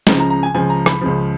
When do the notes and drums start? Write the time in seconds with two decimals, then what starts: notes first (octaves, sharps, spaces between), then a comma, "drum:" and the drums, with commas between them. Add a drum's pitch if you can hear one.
0.07 C#2 C#3 F3 A#5, drum: snare
0.20 A#5
0.30 A#5
0.43 G#5
0.54 C#2 C#3 F3 G#5
0.70 A#5
0.86 B5, drum: rim click
1.01 C#2 C#3 F3